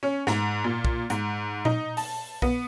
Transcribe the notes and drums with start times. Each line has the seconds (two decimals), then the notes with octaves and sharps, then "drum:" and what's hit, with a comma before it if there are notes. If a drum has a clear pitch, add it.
0.03 C#4
0.27 G#2, drum: snare
0.64 A#2
0.85 drum: kick B1
1.10 G#2, drum: hi-hat
1.65 D#4, drum: tom A#2
1.97 A5, drum: open hi-hat
2.42 B3, drum: kick B1